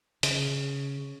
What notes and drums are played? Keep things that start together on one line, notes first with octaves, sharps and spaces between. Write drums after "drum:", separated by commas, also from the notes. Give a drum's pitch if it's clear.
C#3, drum: hi-hat